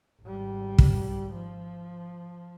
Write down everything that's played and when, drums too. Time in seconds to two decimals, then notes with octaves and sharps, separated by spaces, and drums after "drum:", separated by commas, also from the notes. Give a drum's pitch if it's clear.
0.22 G#1 G3
0.78 drum: kick
1.34 F3